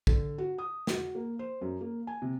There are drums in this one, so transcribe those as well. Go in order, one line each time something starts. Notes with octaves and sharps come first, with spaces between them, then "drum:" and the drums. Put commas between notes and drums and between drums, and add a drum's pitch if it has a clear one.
D3, drum: kick
F#4
D#6
F#4, drum: snare
A#3
C5
F#2
A#3
G#5
C3